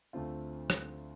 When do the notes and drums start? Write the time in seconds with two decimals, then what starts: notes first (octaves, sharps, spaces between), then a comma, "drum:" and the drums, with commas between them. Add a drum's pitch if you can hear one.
0.13 D2 D3 A3 C4 F4
0.70 drum: rim click